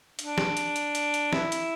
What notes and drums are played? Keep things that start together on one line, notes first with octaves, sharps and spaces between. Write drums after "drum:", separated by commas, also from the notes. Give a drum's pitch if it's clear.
D4, drum: hi-hat
drum: snare
drum: hi-hat
drum: hi-hat
drum: hi-hat
drum: hi-hat
E4, drum: snare
drum: hi-hat